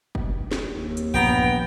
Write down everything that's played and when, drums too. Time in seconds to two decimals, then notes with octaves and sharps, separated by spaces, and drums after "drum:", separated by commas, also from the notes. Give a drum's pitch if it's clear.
0.15 drum: kick
0.51 drum: snare
0.66 D#2
0.97 drum: hi-hat
1.14 A#1 G2 B3 G5 A#5